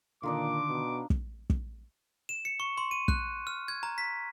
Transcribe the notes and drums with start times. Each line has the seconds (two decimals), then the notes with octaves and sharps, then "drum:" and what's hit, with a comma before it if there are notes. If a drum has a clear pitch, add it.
0.23 A#2 D3 D#3 D4 D#4 F4 D6
0.69 B2
1.10 drum: kick
1.50 drum: kick
2.29 E7
2.45 C#7
2.60 C#6
2.78 C6
2.91 D#7
3.08 F#6, drum: kick
3.47 F6
3.68 G#6
3.83 A#5
3.98 B6